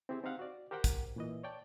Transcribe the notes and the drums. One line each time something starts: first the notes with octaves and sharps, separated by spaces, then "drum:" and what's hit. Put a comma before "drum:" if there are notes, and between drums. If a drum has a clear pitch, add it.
C4 E4 G4 G#4 C5
C4 D#4 G4 F5 F#5
F#4 D5
G4 A#4 C5 F#5 G5
drum: kick, hi-hat
A#2 E3 D#5
C#5 D5 G5 A5